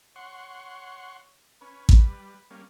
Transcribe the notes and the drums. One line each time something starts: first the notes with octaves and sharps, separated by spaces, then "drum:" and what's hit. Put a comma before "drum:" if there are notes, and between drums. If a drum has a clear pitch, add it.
C#5 F#5 C6 C#6
C#4 B4
drum: kick A1
G3
G3 A#3 C#4